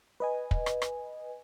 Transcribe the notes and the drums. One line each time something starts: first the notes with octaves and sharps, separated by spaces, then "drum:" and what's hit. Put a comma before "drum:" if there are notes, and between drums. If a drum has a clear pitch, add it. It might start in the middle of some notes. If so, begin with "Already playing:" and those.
B4 D#5 G#5
drum: kick
drum: rim click
drum: rim click